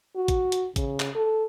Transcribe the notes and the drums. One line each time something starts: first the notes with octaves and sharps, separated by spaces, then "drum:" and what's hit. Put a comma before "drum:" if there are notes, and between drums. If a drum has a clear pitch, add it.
F#4
drum: kick A1, hi-hat
drum: hi-hat
C#3, drum: kick A1, hi-hat
drum: clap
A4